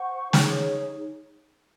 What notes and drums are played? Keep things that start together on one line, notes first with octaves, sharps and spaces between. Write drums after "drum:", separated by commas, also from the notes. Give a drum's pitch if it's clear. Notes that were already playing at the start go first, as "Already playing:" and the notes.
Already playing: C5 F#5 C#6
D#4 G#4 C#5, drum: snare